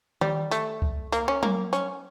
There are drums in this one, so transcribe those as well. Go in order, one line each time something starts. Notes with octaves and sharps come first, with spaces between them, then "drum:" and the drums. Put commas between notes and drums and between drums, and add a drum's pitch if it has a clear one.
G3, drum: tom D#3
A3, drum: hi-hat
drum: kick C#2
A#3, drum: hi-hat
C#4
A#3, drum: tom F#3
C#4, drum: hi-hat